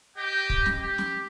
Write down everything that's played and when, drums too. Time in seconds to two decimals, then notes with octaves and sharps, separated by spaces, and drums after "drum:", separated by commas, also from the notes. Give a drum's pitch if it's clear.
0.17 G4 D#5 G5
0.50 drum: kick
0.66 drum: snare
0.78 G4
0.98 drum: snare